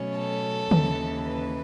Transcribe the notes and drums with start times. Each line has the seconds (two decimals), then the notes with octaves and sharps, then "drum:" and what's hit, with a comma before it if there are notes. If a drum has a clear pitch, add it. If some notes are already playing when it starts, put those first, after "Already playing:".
Already playing: B2 F#3 A3 C#4
0.17 A4
0.71 D#2 C#3 E3, drum: tom
1.25 B4